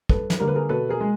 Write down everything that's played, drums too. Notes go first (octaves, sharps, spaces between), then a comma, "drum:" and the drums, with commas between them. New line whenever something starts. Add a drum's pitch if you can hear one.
G2 A4 B4, drum: kick
drum: snare
D3 G3 A#3 A#4
B4
G#4 A#4
B2 A4 B4
G#4 A#4
G#3